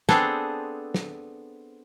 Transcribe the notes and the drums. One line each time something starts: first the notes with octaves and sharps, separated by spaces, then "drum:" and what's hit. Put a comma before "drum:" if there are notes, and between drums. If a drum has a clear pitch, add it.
B3 C4 D4 G#4 A4 C5, drum: snare
drum: snare